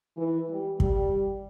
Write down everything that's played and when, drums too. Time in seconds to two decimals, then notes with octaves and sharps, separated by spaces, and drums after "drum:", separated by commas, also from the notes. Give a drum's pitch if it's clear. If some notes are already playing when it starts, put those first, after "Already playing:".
0.17 E3
0.49 G3
0.80 G3, drum: kick